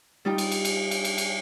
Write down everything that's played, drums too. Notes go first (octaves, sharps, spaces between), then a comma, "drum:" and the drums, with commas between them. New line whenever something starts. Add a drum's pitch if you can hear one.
G3 D#4 F4 G5
drum: cymbal
drum: cymbal
drum: cymbal
drum: cymbal
drum: cymbal
drum: cymbal